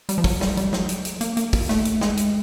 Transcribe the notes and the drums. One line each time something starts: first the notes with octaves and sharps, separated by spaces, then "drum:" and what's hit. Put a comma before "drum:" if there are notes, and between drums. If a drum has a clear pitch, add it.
G3, drum: hi-hat
F3
F#3, drum: kick, open hi-hat
G3, drum: snare
G3, drum: hi-hat
F#3, drum: snare
drum: hi-hat
drum: hi-hat
A#3, drum: hi-hat
A#3, drum: hi-hat
drum: kick, open hi-hat
A3, drum: snare
drum: hi-hat
G#3, drum: snare
drum: hi-hat